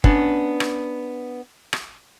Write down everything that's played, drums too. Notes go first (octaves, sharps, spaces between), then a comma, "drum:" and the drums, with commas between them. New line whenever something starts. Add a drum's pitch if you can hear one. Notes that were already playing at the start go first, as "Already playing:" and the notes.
B3 C#4 D4, drum: kick
drum: rim click
drum: rim click